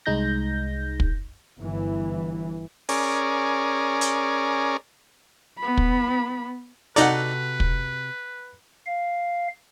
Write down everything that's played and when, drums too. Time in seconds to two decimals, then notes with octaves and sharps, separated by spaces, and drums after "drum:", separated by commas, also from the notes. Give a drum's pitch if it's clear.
0.06 C2 G#3 D#4 G6 A#6
1.00 drum: kick
1.58 G1 E3
2.89 C#4 G#4 A#4 D5, drum: open hi-hat
4.01 drum: hi-hat
5.58 B3 B5
5.77 drum: kick
6.96 C3 D#4 F#4 A4 B4 D5 F#5 A#5, drum: hi-hat
7.60 drum: kick
8.86 F5